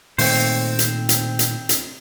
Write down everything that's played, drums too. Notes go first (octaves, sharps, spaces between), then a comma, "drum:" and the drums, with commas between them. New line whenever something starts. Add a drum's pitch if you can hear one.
A#2 D#3 A3 C4 C5, drum: open hi-hat
drum: hi-hat
drum: hi-hat
drum: hi-hat
drum: hi-hat